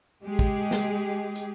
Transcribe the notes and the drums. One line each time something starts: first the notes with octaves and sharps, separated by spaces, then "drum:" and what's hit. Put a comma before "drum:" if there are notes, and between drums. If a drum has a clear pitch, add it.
G#3 G4 G#4
drum: kick
drum: snare
drum: hi-hat